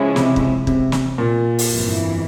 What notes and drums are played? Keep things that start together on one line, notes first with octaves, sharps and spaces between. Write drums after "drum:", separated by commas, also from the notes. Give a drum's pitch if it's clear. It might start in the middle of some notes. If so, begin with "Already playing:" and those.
Already playing: C#3 F3 G#3 C#4 E4
C3, drum: snare
drum: kick
C3, drum: kick
drum: snare
A#2
drum: open hi-hat
G1 F2 E3